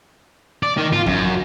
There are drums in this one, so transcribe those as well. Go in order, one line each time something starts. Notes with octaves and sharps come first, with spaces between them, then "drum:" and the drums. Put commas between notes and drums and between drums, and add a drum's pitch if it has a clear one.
D5
D#3
F4, drum: tom G#2
F#2, drum: kick